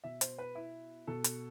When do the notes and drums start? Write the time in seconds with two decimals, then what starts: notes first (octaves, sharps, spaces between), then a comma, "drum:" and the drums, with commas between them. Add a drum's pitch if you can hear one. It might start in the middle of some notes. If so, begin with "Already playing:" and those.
0.04 B2 E5
0.21 C5, drum: hi-hat
0.38 B4
0.55 E4
1.07 B2 A4
1.24 drum: hi-hat